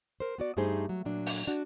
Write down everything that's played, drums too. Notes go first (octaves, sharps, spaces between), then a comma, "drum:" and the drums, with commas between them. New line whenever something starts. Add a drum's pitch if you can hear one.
A#4 C5
B3 F#4 D5
G2 A3 D#4 G4 G#4 C5
F#3
A#2 F#3 D4
drum: open hi-hat
D4 F#4